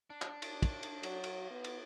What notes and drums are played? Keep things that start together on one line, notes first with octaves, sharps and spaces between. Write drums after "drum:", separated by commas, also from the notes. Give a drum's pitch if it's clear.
D4
drum: clap
drum: cymbal
drum: kick, cymbal
drum: cymbal
F#3, drum: cymbal
drum: cymbal
B3
drum: cymbal